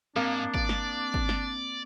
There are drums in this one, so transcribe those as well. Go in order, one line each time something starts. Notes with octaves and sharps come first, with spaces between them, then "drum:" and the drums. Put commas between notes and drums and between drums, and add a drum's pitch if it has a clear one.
G#2 A#3 C4 D4
D5, drum: kick
drum: snare
drum: kick
drum: snare